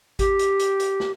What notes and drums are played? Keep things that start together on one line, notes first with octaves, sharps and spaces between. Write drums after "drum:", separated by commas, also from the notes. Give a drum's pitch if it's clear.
G4, drum: kick G#1, hi-hat
drum: hi-hat
drum: hi-hat
drum: hi-hat
drum: snare